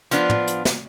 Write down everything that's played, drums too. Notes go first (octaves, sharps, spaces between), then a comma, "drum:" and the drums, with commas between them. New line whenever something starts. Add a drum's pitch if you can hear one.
F3 B3 D4 F4, drum: hi-hat
drum: tom
drum: hi-hat
drum: snare